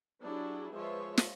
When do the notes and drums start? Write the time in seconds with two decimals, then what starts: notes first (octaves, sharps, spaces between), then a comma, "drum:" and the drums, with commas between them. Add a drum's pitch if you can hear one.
0.23 F#3 D4 E4 G4 G#4
0.75 F3 G#3 F4 B4 C#5 E5
1.17 drum: snare